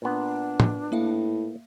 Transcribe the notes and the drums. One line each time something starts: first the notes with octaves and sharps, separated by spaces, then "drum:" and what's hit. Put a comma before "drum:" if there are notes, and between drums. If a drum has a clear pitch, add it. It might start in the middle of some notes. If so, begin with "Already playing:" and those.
A#2 B3 D4
drum: tom A2
A2 A#3 E5 F5